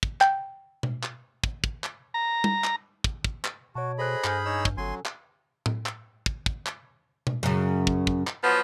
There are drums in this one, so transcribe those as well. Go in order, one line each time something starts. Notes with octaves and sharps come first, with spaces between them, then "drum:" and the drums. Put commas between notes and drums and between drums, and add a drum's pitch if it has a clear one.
drum: kick
G5, drum: clap
drum: tom B2
drum: clap
drum: kick
drum: kick
drum: clap
A#5
drum: tom
drum: clap
drum: kick
drum: kick
drum: clap
B2 F#4 C#5 A5
G#4 A4 C5 D#5 B5 F#6
G2 G#5 F6 G6, drum: clap
D#4 C#5 E6
drum: kick
G1 F#3 C#4 A4 G#5 C6
drum: clap
drum: tom A2
drum: clap
drum: kick
drum: kick
drum: clap
drum: tom B2
F#2 C#3
drum: kick
drum: kick
drum: clap
F3 F#3 B3